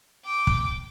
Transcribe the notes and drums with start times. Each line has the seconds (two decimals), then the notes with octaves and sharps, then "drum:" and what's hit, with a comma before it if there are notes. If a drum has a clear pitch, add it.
0.25 G5 D6
0.47 drum: kick